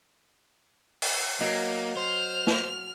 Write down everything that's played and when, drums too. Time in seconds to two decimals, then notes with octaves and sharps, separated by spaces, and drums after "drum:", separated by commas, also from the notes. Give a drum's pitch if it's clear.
1.02 drum: open hi-hat
1.41 F#3 A#3 D#5
1.97 C5 F6 F7
2.47 drum: snare